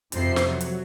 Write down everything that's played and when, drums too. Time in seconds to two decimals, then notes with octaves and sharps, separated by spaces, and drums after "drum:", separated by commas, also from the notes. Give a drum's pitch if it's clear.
0.12 F2 C3 F3 C5 C7, drum: hi-hat
0.36 drum: snare
0.46 F#3
0.61 drum: hi-hat